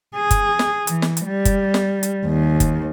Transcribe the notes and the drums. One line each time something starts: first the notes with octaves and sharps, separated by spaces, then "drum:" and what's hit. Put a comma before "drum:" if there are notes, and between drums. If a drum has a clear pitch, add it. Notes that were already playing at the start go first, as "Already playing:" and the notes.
G#4
drum: kick F#1, hi-hat
drum: snare
E3, drum: hi-hat
drum: snare
drum: hi-hat
G3
drum: kick F#1, hi-hat
drum: snare
drum: hi-hat
D#2
drum: kick F#1, hi-hat